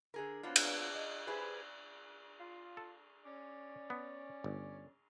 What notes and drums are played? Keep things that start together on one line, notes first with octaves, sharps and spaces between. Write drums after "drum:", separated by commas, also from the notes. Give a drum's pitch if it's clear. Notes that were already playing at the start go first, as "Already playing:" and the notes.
D3 G#4 A#4
F#3 B3 C4 D4 F4
drum: cymbal
D#5
E4 G4 G#4 B4 C5
F4
A4
C#4 D5
B3
G1